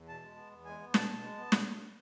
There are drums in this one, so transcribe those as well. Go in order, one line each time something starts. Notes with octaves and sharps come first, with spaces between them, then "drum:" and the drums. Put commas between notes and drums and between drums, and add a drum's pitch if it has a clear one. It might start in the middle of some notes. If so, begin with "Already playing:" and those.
Already playing: E2
B2 A5
G#3
B3
E2
G#3 G#5
B3
B2 A5, drum: snare
B2
G#3
B3
B2, drum: snare